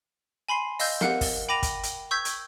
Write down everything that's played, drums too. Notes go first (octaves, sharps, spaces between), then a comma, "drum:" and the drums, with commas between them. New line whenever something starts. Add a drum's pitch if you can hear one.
G#5 B5 C6 C7
D#5 F5 E6 G6, drum: open hi-hat
A#4 F5 F#5 F#6, drum: snare
drum: kick, open hi-hat
G5 B5 D6 A#6 D#7 F7
drum: kick, hi-hat
drum: hi-hat
C#6 E6 G6 G#6 B6
drum: hi-hat